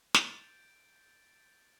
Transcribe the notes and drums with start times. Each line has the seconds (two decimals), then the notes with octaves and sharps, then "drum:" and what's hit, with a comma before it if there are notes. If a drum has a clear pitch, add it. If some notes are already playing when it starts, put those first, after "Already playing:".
0.14 G6 A6 D7, drum: snare